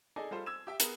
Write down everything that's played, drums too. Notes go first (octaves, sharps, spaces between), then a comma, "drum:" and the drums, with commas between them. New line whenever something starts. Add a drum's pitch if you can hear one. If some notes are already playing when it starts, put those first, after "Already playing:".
D#4 G#4 A4 D5 D#5 G#5
G3 F4 A4 C5
E6 G#6 E7
G4 E5 G5
B3 G#4 A#4, drum: hi-hat